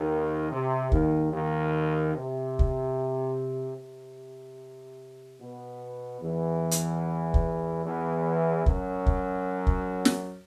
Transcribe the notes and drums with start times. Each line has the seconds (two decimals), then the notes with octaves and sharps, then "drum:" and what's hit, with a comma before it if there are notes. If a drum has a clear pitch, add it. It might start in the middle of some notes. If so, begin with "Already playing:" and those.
Already playing: D#2 D#3
0.51 C3
0.92 D#2 D#3, drum: kick
1.32 D#2 D#3
2.14 C3
2.59 drum: kick
3.77 C3
5.40 B2 B3
6.22 E2 E3
6.71 drum: hi-hat
7.34 drum: kick
7.85 E2 E3
8.66 F#2 F#3, drum: kick
9.06 drum: kick
9.67 drum: kick
10.05 drum: snare